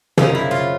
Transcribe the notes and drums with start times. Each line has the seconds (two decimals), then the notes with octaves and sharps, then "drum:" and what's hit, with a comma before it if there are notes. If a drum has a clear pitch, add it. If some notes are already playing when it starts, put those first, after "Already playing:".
0.17 F#2 C#3 F3 D#4, drum: tom
0.35 E4
0.51 F4